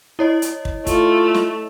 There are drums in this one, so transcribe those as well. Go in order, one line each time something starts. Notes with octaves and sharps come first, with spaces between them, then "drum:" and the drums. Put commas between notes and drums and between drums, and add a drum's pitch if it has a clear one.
E4 C#5 D#5
drum: hi-hat
drum: kick
A3 F4, drum: kick, hi-hat
drum: snare